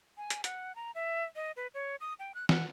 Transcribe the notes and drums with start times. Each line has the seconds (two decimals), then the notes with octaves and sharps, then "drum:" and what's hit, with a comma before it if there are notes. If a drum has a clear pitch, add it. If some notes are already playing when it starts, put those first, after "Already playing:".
0.17 G#5
0.30 drum: hi-hat
0.44 F#5, drum: hi-hat
0.75 A#5
0.95 E5
1.36 D#5
1.56 B4
1.74 C#5
2.01 D#6
2.19 G5
2.35 F#6
2.49 F#5, drum: snare